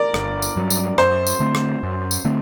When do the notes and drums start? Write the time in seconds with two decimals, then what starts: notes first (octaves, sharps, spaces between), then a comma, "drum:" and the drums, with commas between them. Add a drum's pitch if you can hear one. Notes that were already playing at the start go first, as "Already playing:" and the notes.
Already playing: A#4 D5
0.14 G1, drum: rim click
0.42 drum: tambourine
0.56 G2 F#3
0.70 drum: tambourine
0.98 F#2 C5, drum: rim click
1.27 drum: tambourine
1.40 D3 A3 C4
1.55 drum: rim click
1.83 F#2
2.11 drum: tambourine
2.25 D3 A3 C4